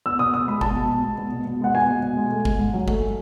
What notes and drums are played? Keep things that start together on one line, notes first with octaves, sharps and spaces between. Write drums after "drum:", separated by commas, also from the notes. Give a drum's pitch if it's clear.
B3 E6
B2 D#6
B2 D#6
G#3 B5
B3 A5, drum: kick G1
B2
B2
G#3
B3
B2
B2
G#3 F#5
B3 G#5
B2
B2
G#3
A3
G#2, drum: kick G1
G#2
F#3
A3, drum: kick G1